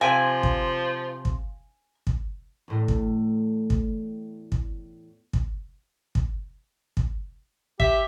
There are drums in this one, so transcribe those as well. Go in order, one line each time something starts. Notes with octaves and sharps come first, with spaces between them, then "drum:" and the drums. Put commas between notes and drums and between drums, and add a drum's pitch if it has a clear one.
C3 F3 F5 G#5 D7 D#7
drum: kick
drum: kick
drum: kick
E2 A2
drum: kick
drum: kick
drum: kick
drum: kick
drum: kick
drum: kick
G4 E5, drum: kick